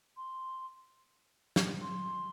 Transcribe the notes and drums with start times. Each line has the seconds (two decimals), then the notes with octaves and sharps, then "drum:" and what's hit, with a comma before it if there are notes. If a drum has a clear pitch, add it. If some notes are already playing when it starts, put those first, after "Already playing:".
0.17 C6
1.56 drum: snare
1.82 C6